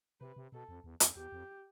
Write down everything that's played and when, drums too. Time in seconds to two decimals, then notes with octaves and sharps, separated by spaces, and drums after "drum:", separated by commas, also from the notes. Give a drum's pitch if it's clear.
0.20 C3 B4
0.36 C3
0.52 B2 A4
0.69 F2
0.84 E2
1.00 F2, drum: hi-hat
1.16 E2 G4
1.32 F2